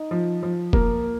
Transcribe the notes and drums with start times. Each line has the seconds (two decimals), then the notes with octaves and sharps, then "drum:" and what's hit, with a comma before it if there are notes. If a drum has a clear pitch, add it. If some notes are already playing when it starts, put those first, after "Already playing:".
Already playing: D#4
0.11 F3
0.43 F3
0.73 A#3, drum: kick F1